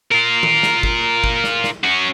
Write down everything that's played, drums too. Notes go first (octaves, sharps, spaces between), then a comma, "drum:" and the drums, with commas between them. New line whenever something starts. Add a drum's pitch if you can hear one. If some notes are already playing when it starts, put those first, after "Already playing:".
F4 A#4
drum: tom D#3
drum: snare
drum: kick G1
drum: kick G1
drum: snare
drum: snare
C#4 F#4